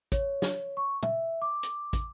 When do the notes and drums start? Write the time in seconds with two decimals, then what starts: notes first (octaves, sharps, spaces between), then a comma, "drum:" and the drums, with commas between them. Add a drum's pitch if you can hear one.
0.12 C#5, drum: kick, hi-hat
0.42 drum: snare
0.77 C#6
1.03 E5, drum: tom
1.42 D6
1.63 drum: hi-hat
1.93 drum: kick, hi-hat